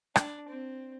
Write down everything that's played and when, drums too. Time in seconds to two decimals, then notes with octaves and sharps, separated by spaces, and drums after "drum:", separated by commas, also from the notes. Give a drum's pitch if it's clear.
0.16 D4, drum: rim click
0.48 C4